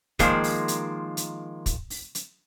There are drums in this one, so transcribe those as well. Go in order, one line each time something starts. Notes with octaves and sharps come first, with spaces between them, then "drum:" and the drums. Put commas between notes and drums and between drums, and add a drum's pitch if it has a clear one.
D#3 F3 G#3 A#3 C5, drum: kick, hi-hat
drum: open hi-hat
drum: hi-hat
drum: hi-hat
drum: kick, hi-hat
drum: open hi-hat
drum: hi-hat